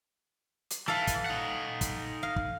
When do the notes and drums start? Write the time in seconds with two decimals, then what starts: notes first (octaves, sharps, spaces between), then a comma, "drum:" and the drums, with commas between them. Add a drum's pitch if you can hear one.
0.71 drum: hi-hat
0.88 E3 A4 F5
1.07 drum: kick, hi-hat
1.26 D#4 F#5
1.81 drum: kick, hi-hat
2.23 F5
2.36 drum: kick